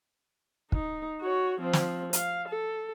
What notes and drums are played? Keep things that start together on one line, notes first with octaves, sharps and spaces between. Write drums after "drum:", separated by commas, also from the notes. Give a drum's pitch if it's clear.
D#4, drum: kick
F#4 C#5
F3 C4
drum: snare
F5, drum: hi-hat
A4